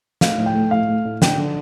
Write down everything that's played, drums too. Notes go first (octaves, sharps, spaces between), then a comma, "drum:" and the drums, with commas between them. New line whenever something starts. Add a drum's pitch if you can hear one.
A3 F5, drum: snare
A2
G5
A3
A2 F5
A3
A2
D3 G5, drum: snare
D3